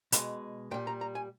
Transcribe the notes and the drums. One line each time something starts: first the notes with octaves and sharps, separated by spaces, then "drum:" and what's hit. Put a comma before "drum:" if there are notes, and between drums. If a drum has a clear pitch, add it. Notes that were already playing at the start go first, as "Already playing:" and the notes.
B2 G#3, drum: hi-hat
A#2 G3 G5
A#5
A#5
G#5